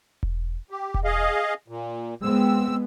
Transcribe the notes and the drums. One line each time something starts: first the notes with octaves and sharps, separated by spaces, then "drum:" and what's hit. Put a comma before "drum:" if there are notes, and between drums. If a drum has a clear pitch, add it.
drum: kick E1
G4
drum: kick E1
G#4 D#5 F5
A#2
G#3 B3 C4 E6